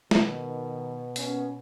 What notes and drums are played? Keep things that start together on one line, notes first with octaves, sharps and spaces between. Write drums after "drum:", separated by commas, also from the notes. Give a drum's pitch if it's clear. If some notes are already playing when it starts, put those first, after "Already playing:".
B2 D#3, drum: snare
A#3 B3 C#4, drum: open hi-hat